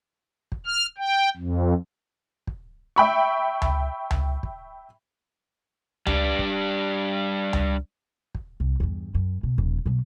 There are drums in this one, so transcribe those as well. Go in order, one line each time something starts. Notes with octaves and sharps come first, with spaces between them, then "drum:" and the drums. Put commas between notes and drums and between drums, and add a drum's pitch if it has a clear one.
drum: kick
F6
G5
F2
drum: kick
E5 G5 B5 C#6
drum: tom C#2
drum: tom C#2
drum: kick
G3 D4, drum: tom C#2
drum: kick
drum: tom C#2
drum: kick
C2
E2 G2
F#2
B2
D#1 F3
B2 F#3